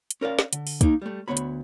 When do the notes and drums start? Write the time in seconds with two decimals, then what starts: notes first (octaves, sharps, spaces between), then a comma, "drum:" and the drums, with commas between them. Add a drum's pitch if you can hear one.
0.11 drum: hi-hat
0.21 C#4 A#4 D5 F5
0.39 drum: snare
0.53 D3, drum: hi-hat
0.67 drum: open hi-hat
0.81 A#3 D#4, drum: kick, hi-hat
1.02 G3 A3
1.28 D2 B2 B3 C#5 B5
1.37 drum: hi-hat